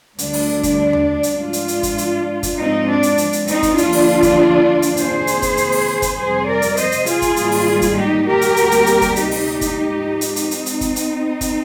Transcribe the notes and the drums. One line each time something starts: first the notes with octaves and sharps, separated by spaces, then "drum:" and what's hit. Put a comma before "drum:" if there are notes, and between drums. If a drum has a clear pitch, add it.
D2 D3 G3 D4, drum: hi-hat
drum: open hi-hat
drum: kick, hi-hat
drum: tom D#2
drum: hi-hat
G#2 F3 G#3 D4 F4
drum: hi-hat
drum: hi-hat
drum: kick, hi-hat
drum: hi-hat
drum: kick, hi-hat
G#2 F3 G#3 C4 D#4
D4
drum: hi-hat
drum: hi-hat
drum: hi-hat
C4 D#4, drum: hi-hat
drum: kick, hi-hat
D#2 D3 F3 D4 F4, drum: hi-hat
drum: open hi-hat
drum: kick, hi-hat
drum: hi-hat
F2 C3 D#3 A#3 G#4 C5, drum: hi-hat
drum: hi-hat
drum: kick, hi-hat
drum: hi-hat
drum: open hi-hat
drum: kick, hi-hat
F2 C3 G3 G#4 C5
A#4 D5
drum: hi-hat
C5 D#5, drum: hi-hat
drum: hi-hat
F4 G#4, drum: hi-hat
drum: kick, hi-hat
G#2 D#3 G3 A#3, drum: hi-hat
drum: open hi-hat
drum: kick, hi-hat
D#4 G4
G4 A#4
drum: hi-hat
D2 C3 G3 A#3, drum: hi-hat
drum: hi-hat
drum: hi-hat
drum: kick, hi-hat
D#4 G4, drum: hi-hat
drum: open hi-hat
drum: kick, hi-hat
G#2 F3 G#3
drum: hi-hat
C4 D#4, drum: hi-hat
drum: hi-hat
drum: hi-hat
drum: kick, hi-hat
drum: hi-hat
drum: kick, hi-hat